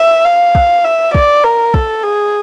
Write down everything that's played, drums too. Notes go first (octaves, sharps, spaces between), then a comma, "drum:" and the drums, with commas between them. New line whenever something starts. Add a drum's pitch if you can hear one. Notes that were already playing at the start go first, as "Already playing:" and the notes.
Already playing: E5
F5
drum: kick
E5
D5, drum: kick
A#4
A4, drum: kick
G#4